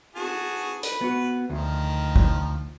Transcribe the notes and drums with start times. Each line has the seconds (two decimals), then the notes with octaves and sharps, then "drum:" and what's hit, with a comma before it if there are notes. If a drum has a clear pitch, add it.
0.15 F#4 G#4 A5, drum: cymbal
0.83 B4, drum: hi-hat
1.01 B3 F#4
1.50 D2 D#3 F3
2.16 drum: kick